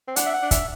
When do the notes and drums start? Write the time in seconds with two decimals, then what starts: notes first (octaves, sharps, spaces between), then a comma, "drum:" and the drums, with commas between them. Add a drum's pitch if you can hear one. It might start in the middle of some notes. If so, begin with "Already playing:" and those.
0.08 C4
0.16 D4 F#5, drum: hi-hat
0.26 E5
0.33 F#5
0.43 D4
0.51 E5, drum: kick, hi-hat